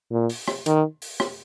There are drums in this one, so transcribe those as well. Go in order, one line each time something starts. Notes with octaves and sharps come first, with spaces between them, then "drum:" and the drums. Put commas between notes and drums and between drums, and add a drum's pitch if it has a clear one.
A#2
drum: open hi-hat
drum: rim click
D#3, drum: hi-hat
drum: open hi-hat
drum: rim click